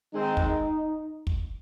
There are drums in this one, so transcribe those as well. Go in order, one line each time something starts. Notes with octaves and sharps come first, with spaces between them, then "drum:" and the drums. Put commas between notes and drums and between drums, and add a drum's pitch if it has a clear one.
D#3 G#3 C4 D#4
drum: kick
drum: kick